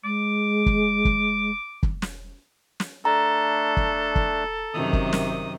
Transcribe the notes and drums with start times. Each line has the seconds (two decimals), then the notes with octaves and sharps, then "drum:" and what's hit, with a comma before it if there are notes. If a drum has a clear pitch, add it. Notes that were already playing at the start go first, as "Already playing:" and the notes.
0.04 G#3 D6
0.66 drum: kick
1.05 drum: kick
1.83 drum: kick
2.02 drum: snare
2.80 drum: snare
3.05 A3 D4 A4 A#5
3.77 drum: kick
4.16 drum: kick
4.74 F#2 C3 D#3 D#6
4.93 drum: kick
5.13 drum: snare